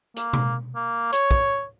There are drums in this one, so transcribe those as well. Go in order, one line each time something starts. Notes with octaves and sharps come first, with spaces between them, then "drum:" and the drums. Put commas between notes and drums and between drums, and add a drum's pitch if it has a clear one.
A#3, drum: hi-hat
drum: tom B2
A#3
C#5, drum: hi-hat
drum: kick